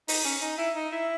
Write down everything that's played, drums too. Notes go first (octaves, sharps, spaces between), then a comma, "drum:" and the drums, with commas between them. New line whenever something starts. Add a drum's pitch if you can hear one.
D#4, drum: open hi-hat
C#4
D#4
E4
D#4
E4